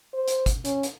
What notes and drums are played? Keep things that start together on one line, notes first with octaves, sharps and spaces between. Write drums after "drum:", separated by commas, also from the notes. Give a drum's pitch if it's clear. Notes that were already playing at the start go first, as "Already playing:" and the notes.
C5
drum: hi-hat
drum: kick, hi-hat
C#4, drum: hi-hat
drum: hi-hat